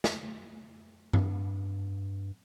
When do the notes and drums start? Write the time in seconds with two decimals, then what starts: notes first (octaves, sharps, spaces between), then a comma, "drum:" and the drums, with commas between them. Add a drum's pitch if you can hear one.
0.04 drum: snare
1.13 G2, drum: tom G2